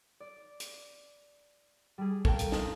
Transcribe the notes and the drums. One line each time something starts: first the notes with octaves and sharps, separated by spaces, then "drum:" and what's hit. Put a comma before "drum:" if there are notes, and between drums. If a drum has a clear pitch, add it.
D5
drum: hi-hat
G3 G#4
A4 A#4 F5 G5 A#5, drum: kick
drum: hi-hat
D#4, drum: snare